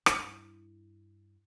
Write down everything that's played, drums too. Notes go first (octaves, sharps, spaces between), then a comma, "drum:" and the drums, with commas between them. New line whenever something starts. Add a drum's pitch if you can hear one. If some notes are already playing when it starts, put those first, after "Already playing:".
G2 E4, drum: rim click